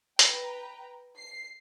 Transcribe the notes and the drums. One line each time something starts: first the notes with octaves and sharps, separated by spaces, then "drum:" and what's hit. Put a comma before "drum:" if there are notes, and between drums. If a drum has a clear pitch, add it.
B4 G5 A#5, drum: hi-hat
C7